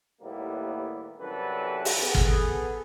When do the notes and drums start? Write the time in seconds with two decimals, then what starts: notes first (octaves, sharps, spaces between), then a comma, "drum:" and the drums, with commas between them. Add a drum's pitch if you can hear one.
0.21 D#2 A2 G3 A#3 B3 E4
1.19 C2 F#2 E3 G3 A4 B4
1.85 drum: open hi-hat
2.01 B3 G#4 A4
2.15 drum: kick